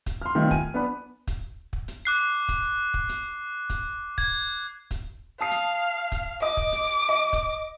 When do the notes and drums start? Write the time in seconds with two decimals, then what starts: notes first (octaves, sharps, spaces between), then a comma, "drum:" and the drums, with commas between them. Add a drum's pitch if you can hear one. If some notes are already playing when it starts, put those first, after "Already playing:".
0.06 drum: kick, hi-hat
0.22 C6 F6
0.35 C3 D#3 G3 A3 B3 F4
0.51 G#5 D#7, drum: kick
0.74 B3 D4 B4
1.27 drum: kick, hi-hat
1.73 drum: kick
1.88 drum: hi-hat
2.05 D6 F#6 C7
2.49 drum: kick, hi-hat
2.94 drum: kick
3.09 drum: hi-hat
3.70 drum: kick, hi-hat
4.18 G#6, drum: kick
4.91 drum: kick, hi-hat
5.41 F5 A5 D#6 C7
5.51 drum: hi-hat
6.12 drum: kick, hi-hat
6.42 D#5 D6 D#6
6.57 drum: kick
6.72 drum: hi-hat
7.09 D#5
7.33 drum: kick, hi-hat